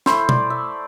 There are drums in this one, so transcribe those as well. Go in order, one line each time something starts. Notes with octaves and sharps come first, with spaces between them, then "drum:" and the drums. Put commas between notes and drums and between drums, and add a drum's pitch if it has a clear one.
A3 E4 C5, drum: snare
D5, drum: tom B2
E5